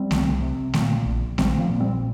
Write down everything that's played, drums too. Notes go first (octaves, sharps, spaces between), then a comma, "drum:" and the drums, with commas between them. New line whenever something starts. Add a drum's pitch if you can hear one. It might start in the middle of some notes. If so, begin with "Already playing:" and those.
Already playing: G3 C4
C2, drum: snare A3
C3
A#2, drum: snare A3
A#1
A#1 G3 C4, drum: snare A3
F3 A#3
A#2
G3 C4